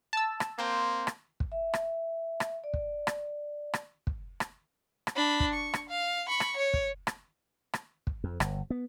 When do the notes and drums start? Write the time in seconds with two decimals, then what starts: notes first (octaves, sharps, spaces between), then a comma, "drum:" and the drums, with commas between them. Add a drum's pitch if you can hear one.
0.13 A5 E6
0.40 drum: rim click
0.59 A#3 C4 C5
1.07 drum: rim click
1.40 drum: kick
1.52 E5
1.74 drum: rim click
2.40 drum: rim click
2.64 D5
2.74 drum: kick
3.07 drum: rim click
3.74 drum: rim click
4.07 drum: kick
4.40 drum: rim click
5.07 drum: rim click
5.16 D4 B5
5.40 drum: kick
5.53 C#6
5.74 drum: rim click
5.89 F5
6.28 B5 C#6
6.40 drum: rim click
6.57 C#5
6.74 drum: kick
7.07 drum: rim click
7.74 drum: rim click
8.07 drum: kick
8.24 F2
8.40 G1, drum: rim click
8.70 B3